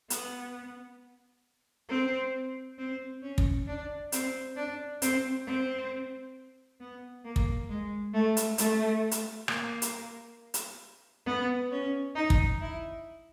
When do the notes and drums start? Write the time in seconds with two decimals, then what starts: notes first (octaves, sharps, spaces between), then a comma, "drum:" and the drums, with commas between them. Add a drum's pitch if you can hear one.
0.10 B3, drum: hi-hat
1.89 C4
2.78 C4
3.22 C#4
3.38 drum: kick
3.67 D4
4.12 C4, drum: hi-hat
4.56 D4
5.02 C4, drum: hi-hat
5.47 C4
6.80 B3
7.25 A#3
7.36 drum: kick
7.70 G#3
8.14 A3
8.37 drum: hi-hat
8.58 A3, drum: hi-hat
9.11 drum: hi-hat
9.48 A#3, drum: rim click
9.82 drum: hi-hat
10.54 drum: hi-hat
11.26 B3
11.71 C#4
12.15 D#4
12.30 drum: kick
12.61 E4